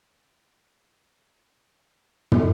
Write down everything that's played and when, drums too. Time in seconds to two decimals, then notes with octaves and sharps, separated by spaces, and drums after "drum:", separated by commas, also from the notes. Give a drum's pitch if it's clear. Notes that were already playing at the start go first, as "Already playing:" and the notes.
0.25 C4 A#4 C5
0.68 F3 G3
1.06 B3 D4 F#4 G4 C5 C#5
1.25 C#5
1.64 B2 A4 C#5
1.94 D4 C5 D5
2.32 drum: tom